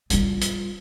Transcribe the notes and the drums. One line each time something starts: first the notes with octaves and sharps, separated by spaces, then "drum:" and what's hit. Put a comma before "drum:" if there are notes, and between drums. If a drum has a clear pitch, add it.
G3 F4, drum: hi-hat
drum: hi-hat